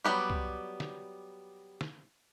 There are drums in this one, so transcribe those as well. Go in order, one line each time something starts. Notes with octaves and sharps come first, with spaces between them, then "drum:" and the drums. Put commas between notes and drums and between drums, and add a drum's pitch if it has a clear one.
F#3 G3 A3 B3 G4
drum: kick
drum: snare
drum: snare